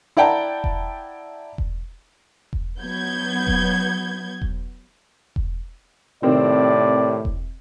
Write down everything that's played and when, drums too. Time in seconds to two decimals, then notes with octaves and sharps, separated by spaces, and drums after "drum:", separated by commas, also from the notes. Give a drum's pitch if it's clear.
0.17 E4 D5 F#5 G5 A5 A#5
0.64 drum: kick E1
1.58 drum: kick E1
2.53 drum: kick E1
2.81 F#3 B3 G6 G#6
3.47 drum: kick E1
4.42 drum: kick E1
5.36 drum: kick E1
6.23 A2 C3 D#3 C4 D5
7.25 drum: kick E1